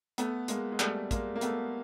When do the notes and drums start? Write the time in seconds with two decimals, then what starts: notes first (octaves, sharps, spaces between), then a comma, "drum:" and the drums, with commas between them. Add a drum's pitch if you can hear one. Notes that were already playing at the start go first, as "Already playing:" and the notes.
0.18 A3 B3, drum: hi-hat
0.48 G#3 A#3, drum: hi-hat
0.72 G#3
0.80 G3 A3, drum: clap
1.11 G#3 A#3, drum: kick A1, hi-hat
1.36 A#3
1.41 A3 B3, drum: hi-hat